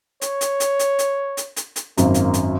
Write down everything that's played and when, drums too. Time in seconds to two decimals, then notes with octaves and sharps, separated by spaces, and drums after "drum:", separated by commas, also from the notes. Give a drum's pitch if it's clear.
0.22 C#5, drum: hi-hat
0.41 drum: hi-hat
0.60 drum: hi-hat
0.79 drum: hi-hat
0.99 drum: hi-hat
1.37 drum: hi-hat
1.56 drum: hi-hat
1.76 drum: hi-hat
1.97 G#1 F#2 A#3, drum: hi-hat
2.14 drum: hi-hat
2.34 drum: hi-hat